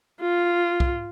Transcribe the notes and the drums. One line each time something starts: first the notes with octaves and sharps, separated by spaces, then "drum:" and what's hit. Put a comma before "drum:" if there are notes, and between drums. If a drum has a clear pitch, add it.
F4
drum: kick